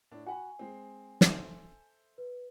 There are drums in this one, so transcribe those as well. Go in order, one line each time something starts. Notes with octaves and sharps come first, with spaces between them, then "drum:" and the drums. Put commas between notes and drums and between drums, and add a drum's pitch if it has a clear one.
A2 D4
F#4 F#5 G#5 B5
G#3 C4
A4 C5 E5, drum: snare
B4